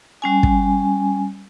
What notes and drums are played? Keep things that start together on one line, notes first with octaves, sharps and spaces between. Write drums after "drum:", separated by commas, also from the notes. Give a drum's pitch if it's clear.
G3 C#4 G#5
drum: kick